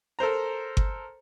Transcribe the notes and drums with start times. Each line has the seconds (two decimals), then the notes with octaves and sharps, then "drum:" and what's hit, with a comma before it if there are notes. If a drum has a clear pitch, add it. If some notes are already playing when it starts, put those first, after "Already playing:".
0.19 A4 A#4 C5 A#5
0.77 drum: kick G1